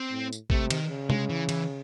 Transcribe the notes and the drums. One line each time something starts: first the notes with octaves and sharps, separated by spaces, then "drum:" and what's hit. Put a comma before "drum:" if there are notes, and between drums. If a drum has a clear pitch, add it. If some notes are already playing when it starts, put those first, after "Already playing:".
Already playing: C4
A2
drum: tambourine
C3 A3, drum: kick
D#3, drum: cymbal
C#3
G#3, drum: tom C3
E3
E3, drum: cymbal